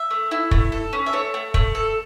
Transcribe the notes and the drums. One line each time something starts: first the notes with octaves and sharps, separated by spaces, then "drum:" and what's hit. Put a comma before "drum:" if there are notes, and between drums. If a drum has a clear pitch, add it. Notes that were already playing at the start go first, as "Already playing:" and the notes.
Already playing: E5
A3
E4
A3, drum: kick
A4
C#4
E5
A3 C#5
A3
A3, drum: kick
A4